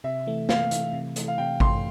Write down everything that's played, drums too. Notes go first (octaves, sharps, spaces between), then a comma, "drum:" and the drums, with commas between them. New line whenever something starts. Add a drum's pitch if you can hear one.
C3 E5
E3 A3
C3 F5, drum: snare
E3 A3, drum: hi-hat
C3
E3 A3, drum: hi-hat
F5
C3 G5
E3 A3 C6, drum: kick G#1